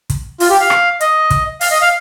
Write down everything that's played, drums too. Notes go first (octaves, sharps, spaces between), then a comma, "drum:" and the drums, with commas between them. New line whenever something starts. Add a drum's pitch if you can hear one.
drum: kick, hi-hat
F4, drum: open hi-hat
G4
F5
drum: rim click
D#5, drum: hi-hat
drum: kick, hi-hat
F5, drum: open hi-hat
D#5
F5